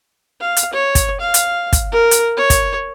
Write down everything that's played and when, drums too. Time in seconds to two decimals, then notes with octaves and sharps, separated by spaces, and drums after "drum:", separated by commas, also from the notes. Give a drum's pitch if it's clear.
0.40 F5
0.57 drum: hi-hat
0.73 C#5
0.95 drum: kick, hi-hat
1.20 F5
1.34 drum: hi-hat
1.73 drum: kick, hi-hat
1.92 A#4
2.11 drum: hi-hat
2.37 C#5
2.50 drum: kick, hi-hat